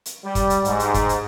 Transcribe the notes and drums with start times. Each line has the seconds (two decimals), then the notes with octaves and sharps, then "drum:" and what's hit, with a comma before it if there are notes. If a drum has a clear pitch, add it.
0.06 drum: hi-hat
0.25 G3
0.35 drum: kick, hi-hat
0.50 drum: hi-hat
0.65 G#2, drum: hi-hat
0.80 drum: hi-hat
0.94 drum: kick, hi-hat
1.09 drum: hi-hat